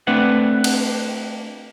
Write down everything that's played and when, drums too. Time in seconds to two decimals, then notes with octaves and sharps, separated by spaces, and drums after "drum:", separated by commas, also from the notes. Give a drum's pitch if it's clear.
0.07 A3 C4 D4 B4 F#5
0.64 drum: cymbal